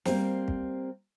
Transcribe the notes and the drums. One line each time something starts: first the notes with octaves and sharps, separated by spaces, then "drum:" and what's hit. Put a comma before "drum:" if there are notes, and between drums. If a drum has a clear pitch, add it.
G3 A#3 C4 C5, drum: snare
drum: kick